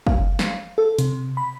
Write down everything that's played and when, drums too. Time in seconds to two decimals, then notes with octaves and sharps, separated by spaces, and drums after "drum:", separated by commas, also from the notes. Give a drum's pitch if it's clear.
0.07 F5, drum: kick
0.39 drum: snare
0.78 A4
0.99 C3, drum: hi-hat
1.37 B5